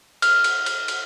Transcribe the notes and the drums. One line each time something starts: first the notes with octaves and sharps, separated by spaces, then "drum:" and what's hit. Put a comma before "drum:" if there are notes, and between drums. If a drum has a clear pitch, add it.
F6, drum: cymbal
drum: cymbal
drum: cymbal
drum: cymbal